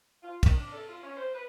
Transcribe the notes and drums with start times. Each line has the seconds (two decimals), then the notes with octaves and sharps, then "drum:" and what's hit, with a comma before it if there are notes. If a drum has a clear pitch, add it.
0.23 F4
0.43 D#3, drum: kick, cymbal
0.56 D4
0.73 A4
0.89 F4
1.03 C#4
1.17 C5
1.34 B4